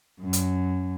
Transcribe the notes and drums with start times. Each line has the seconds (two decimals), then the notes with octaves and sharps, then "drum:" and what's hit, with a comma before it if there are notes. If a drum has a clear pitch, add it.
0.20 F#2
0.33 drum: hi-hat